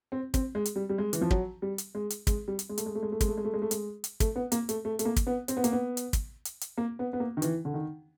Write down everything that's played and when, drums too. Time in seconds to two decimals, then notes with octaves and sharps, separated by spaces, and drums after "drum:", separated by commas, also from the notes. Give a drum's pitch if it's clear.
0.12 C4
0.34 C4, drum: kick, hi-hat
0.55 G#3
0.66 drum: hi-hat
0.76 G3
0.89 G3
0.98 G#3
1.13 E3, drum: hi-hat
1.21 F3
1.31 F#3, drum: kick
1.62 G3
1.78 drum: hi-hat
1.95 G#3
2.10 drum: hi-hat
2.27 G#3, drum: kick, hi-hat
2.48 G3
2.59 drum: hi-hat
2.69 G#3
2.78 A3, drum: hi-hat
2.86 G#3
2.95 A3
3.03 G#3
3.12 A3
3.21 G#3, drum: kick, hi-hat
3.28 A3
3.37 G#3
3.45 A3
3.53 G#3
3.62 A3
3.71 G#3, drum: hi-hat
4.04 drum: hi-hat
4.20 A3, drum: kick, hi-hat
4.36 B3
4.52 A#3, drum: hi-hat
4.69 A3, drum: hi-hat
4.85 A3
4.99 A3, drum: hi-hat
5.05 A#3
5.16 drum: kick, hi-hat
5.27 B3
5.48 C4, drum: hi-hat
5.57 B3
5.64 A#3, drum: hi-hat
5.72 B3
5.97 drum: hi-hat
6.13 drum: kick, hi-hat
6.45 drum: hi-hat
6.61 drum: hi-hat
6.78 A#3
6.99 B3
7.13 B3
7.20 A#3
7.37 D#3
7.42 E3, drum: hi-hat
7.65 D3
7.74 D#3